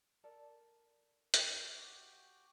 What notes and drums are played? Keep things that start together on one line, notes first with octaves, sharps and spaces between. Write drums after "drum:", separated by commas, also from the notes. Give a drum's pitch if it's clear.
A4 A#4 D5
drum: hi-hat
F#4 G4 G5